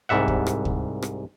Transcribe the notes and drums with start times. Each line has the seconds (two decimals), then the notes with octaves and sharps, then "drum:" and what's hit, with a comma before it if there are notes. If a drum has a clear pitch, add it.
0.09 C2 G#2 G3 E5 F#5
0.28 drum: kick
0.47 drum: rim click
0.65 drum: kick
1.02 drum: rim click